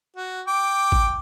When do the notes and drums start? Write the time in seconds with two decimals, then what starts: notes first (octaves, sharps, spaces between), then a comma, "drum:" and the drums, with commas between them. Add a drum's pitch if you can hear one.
0.16 F#4
0.47 G5 D6
0.92 drum: kick